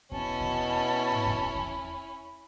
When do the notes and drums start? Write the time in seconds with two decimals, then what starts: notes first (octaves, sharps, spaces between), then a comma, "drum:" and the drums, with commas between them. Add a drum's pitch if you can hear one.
0.12 B2 C#4 E4 A5, drum: kick E2
0.40 drum: kick E2
1.12 drum: tom G#2
1.26 drum: kick E2
1.55 drum: kick E2